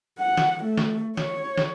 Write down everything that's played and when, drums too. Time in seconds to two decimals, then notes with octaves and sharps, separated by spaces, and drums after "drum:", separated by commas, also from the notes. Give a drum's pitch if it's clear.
0.19 F#5
0.37 drum: snare
0.64 A3
0.77 drum: snare
1.17 C#5, drum: snare
1.57 drum: snare